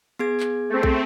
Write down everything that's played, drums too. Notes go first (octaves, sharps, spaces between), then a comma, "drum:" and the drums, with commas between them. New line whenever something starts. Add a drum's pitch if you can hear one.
B3 G#4 G#6
drum: clap
A3 C4
drum: kick